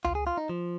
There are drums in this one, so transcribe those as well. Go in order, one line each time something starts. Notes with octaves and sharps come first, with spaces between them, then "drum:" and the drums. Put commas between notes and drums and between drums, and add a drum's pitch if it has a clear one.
F4, drum: tom C#2
G#4
F4
D#4
F3